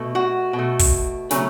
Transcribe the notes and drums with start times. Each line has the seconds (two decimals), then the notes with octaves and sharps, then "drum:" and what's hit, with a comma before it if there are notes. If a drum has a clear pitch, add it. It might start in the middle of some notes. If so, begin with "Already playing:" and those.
Already playing: B2 A3
0.15 F#4
0.53 B2
0.59 A3
0.79 drum: kick, open hi-hat
1.31 C#3 F#3 A3, drum: snare